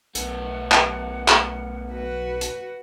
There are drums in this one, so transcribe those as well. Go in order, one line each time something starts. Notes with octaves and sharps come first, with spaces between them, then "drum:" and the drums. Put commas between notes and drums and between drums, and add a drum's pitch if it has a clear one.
B1 A3 B3 F#5, drum: hi-hat
drum: clap
drum: clap
F#4 B4
drum: hi-hat